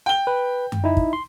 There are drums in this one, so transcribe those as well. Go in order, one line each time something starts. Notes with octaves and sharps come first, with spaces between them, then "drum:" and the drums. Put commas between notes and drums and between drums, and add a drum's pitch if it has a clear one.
G5 G7
B4
drum: tom F#2
D#4 E4
drum: kick
C6